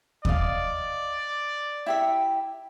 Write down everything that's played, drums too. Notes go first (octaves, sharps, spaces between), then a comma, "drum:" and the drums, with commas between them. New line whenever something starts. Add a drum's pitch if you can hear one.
D5 D#5 F5, drum: kick D#2
E4 G4 E5